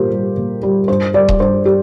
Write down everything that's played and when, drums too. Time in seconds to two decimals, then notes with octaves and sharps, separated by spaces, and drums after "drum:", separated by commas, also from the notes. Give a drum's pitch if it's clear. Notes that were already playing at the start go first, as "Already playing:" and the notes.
Already playing: A#2 G3 F4 G4 A#4 C5
0.11 G3
0.37 A#2
0.63 G3
0.88 G2 C5
1.14 G3 D5
1.29 drum: kick D#1
1.40 G2 C5
1.65 G3 G4